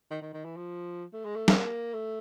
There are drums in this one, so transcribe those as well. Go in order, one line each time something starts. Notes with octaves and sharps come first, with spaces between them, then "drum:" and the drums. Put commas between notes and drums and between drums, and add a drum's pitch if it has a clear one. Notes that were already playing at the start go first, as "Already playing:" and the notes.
D#3
D#3
D#3
E3
F3
A3
G#3
A3
A#3, drum: snare
A3